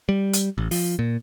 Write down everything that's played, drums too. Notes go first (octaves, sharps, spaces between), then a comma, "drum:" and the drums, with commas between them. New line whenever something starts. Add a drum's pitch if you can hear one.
G3
drum: hi-hat
A1
F3, drum: open hi-hat
A#2